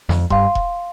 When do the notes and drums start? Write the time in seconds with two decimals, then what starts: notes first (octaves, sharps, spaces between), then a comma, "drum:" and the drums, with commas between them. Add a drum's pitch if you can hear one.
0.09 F2, drum: snare
0.30 G2 F5 C6, drum: kick E1
0.55 drum: kick E1